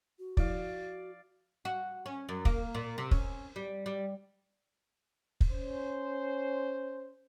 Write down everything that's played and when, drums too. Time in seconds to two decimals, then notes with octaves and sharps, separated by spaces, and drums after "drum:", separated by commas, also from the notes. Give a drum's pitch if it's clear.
0.19 F#4
0.37 F3 E4 D5 F5, drum: kick
1.65 F#4
2.06 C#4
2.29 F#2
2.45 A#3, drum: kick
2.75 A#2
2.98 C3
3.11 C#4, drum: kick
3.56 G3
3.86 G3
5.41 drum: kick
5.50 C#4 C5